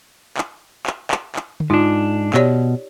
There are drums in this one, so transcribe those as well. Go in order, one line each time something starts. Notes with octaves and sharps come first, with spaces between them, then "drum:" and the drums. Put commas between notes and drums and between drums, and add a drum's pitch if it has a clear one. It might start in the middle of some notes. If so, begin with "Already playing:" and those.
drum: clap
drum: clap
drum: clap
drum: clap
drum: tom D3
G#2 D4 D#4 F4
B2 G4 C#5 D5, drum: clap